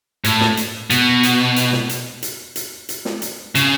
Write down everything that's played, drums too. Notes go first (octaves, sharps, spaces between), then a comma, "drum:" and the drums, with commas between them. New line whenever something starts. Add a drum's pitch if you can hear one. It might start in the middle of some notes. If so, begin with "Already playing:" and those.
A2, drum: hi-hat
drum: snare
drum: hi-hat
B2, drum: hi-hat
drum: hi-hat
drum: hi-hat
drum: snare
drum: hi-hat
drum: hi-hat
drum: hi-hat
drum: hi-hat
drum: snare
drum: hi-hat
C#3, drum: hi-hat